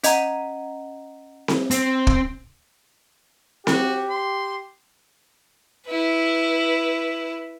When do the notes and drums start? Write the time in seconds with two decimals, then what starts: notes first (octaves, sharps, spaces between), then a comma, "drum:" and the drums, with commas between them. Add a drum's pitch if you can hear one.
0.04 C#4 D#5 F#5 A#5, drum: hi-hat
1.48 drum: snare C4
1.71 C4, drum: hi-hat
2.07 drum: kick
3.67 F#4 G4, drum: snare C4
4.10 C6
5.88 E4 B4